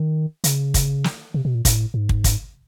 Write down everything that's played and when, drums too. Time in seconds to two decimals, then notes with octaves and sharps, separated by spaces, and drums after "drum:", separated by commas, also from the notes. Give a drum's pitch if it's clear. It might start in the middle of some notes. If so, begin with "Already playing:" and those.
Already playing: D#3
0.44 C#3, drum: hi-hat
0.74 drum: kick, hi-hat
1.04 drum: snare
1.34 C3
1.45 B2
1.55 A#2
1.65 A2, drum: kick, hi-hat
1.94 G#2
2.09 drum: kick
2.24 drum: kick, hi-hat